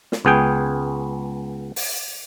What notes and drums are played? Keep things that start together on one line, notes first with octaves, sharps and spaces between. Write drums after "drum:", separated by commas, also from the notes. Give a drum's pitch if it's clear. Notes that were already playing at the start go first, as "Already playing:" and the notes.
drum: snare
C#2 B3 G#4 G5
drum: open hi-hat